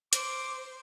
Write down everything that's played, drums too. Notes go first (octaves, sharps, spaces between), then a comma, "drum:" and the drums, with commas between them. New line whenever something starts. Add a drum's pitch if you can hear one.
C5 D6, drum: hi-hat